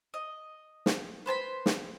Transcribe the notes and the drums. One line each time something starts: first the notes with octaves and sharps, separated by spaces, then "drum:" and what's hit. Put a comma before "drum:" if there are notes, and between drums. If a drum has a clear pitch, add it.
D#5
drum: snare
B4 C5 A5 B5
drum: snare